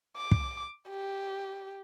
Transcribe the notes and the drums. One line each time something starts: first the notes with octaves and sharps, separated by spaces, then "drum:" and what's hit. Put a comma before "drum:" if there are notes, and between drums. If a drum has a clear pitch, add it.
D6
drum: kick
G4